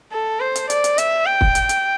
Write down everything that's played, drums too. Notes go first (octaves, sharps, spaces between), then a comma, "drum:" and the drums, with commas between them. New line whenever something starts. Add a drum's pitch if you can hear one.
A4
C5
drum: hi-hat
D5, drum: hi-hat
drum: hi-hat
E5, drum: hi-hat
G5
drum: kick
drum: hi-hat
drum: hi-hat